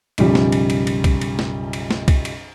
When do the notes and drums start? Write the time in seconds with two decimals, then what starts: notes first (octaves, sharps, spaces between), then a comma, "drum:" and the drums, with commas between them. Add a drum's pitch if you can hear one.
0.18 B1 F#2 C#3 F3 G3, drum: cymbal
0.35 drum: snare
0.52 drum: cymbal
0.70 drum: cymbal
0.87 drum: cymbal
1.04 drum: kick C2, cymbal
1.21 drum: cymbal
1.39 drum: snare
1.73 drum: cymbal
1.91 drum: snare
2.08 drum: kick C2, cymbal
2.25 drum: cymbal